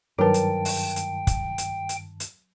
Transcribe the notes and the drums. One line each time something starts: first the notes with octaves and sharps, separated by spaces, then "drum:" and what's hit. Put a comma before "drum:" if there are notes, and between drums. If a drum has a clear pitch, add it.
G2 D#3 F#3 A#4 B4 G5 A5
drum: hi-hat
drum: open hi-hat
drum: hi-hat
drum: kick, hi-hat
drum: hi-hat
drum: hi-hat
drum: hi-hat